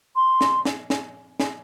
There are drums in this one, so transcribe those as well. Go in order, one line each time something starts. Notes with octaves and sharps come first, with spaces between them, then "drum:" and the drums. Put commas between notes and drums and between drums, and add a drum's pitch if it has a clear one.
C6
drum: snare
drum: snare
drum: snare
drum: snare